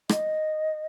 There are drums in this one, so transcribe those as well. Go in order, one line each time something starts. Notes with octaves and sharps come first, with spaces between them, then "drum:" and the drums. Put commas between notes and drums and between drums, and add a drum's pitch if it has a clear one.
D#5, drum: rim click